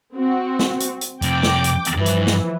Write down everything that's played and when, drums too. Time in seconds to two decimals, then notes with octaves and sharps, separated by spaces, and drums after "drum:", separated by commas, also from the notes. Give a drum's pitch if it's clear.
0.14 C4 F#4
0.59 drum: snare
0.80 drum: hi-hat
1.01 drum: hi-hat
1.22 F2 C3 G5 D6, drum: hi-hat
1.43 drum: snare
1.64 drum: hi-hat
1.85 drum: hi-hat
1.97 G2 E3 F3
2.06 drum: hi-hat
2.27 drum: snare